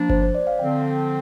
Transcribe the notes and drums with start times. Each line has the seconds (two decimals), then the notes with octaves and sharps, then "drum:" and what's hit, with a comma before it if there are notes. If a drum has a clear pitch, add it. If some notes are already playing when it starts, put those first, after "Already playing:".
Already playing: F3 A#3 D4
0.10 C5, drum: kick G1
0.22 C5
0.35 D5
0.47 F5
0.59 D3 F3 C4 G5